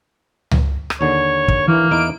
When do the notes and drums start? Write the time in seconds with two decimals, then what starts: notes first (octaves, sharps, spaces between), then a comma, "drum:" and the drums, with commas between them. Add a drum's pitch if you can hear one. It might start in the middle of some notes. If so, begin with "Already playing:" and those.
0.51 drum: tom C#2
0.90 drum: rim click
1.01 D#2 D3 C#5
1.48 drum: kick
1.68 E3 A#3
1.91 E2 D#4 E4 D7